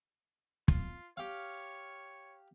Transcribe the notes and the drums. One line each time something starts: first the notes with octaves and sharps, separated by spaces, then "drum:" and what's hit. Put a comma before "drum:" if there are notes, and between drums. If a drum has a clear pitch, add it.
F4, drum: kick
G4 C#5 F5